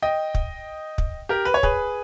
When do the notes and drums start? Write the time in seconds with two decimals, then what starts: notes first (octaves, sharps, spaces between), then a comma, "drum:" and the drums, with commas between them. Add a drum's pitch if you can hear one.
0.02 D#5 G5
0.34 drum: kick
0.98 drum: kick
1.29 G4 A#4
1.45 B4
1.54 C#5
1.63 G#4 B4, drum: kick